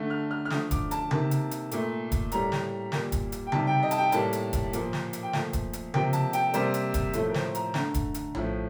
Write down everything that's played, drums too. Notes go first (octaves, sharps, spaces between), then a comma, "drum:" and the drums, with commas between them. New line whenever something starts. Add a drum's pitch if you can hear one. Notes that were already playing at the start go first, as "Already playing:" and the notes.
Already playing: D3 A3
F6
F6
F6
D3 F3 A3 D#6, drum: snare
D6, drum: kick E1, hi-hat
A5, drum: hi-hat
C3 D#3 A#3, drum: tom C#3
drum: hi-hat
drum: hi-hat
A#2 A3, drum: hi-hat
drum: kick E1, hi-hat
A2 G3 A#3 A#5, drum: hi-hat
drum: snare
A#2 G3 A#3, drum: snare
drum: kick E1, hi-hat
drum: hi-hat
G5
C3 D#3 G3 A5, drum: tom C#3
G5
D#5
A5, drum: hi-hat
G5
A2 G3 A#3 A5, drum: hi-hat
drum: hi-hat
drum: kick E1, hi-hat
A#2 F3 A#3, drum: hi-hat
drum: snare
drum: hi-hat
G5
A#2 F3 A3 F5, drum: snare
drum: kick E1, hi-hat
drum: hi-hat
C3 F3 A#3 G5, drum: tom C#3
A5, drum: hi-hat
G5, drum: hi-hat
C3 G3 A#3 C5, drum: hi-hat
drum: hi-hat
drum: kick E1, hi-hat
A2 F3 A3 A4, drum: hi-hat
A#4
C5, drum: snare
A#5, drum: hi-hat
D3 A3 A#5, drum: snare
drum: kick E1, hi-hat
drum: hi-hat
A2 F3 A3, drum: tom A#1